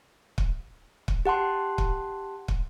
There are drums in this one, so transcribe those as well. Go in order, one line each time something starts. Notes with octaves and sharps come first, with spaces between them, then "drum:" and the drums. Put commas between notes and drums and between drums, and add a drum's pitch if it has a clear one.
drum: kick
drum: kick
G4 F#5 A5 C6
drum: kick
drum: kick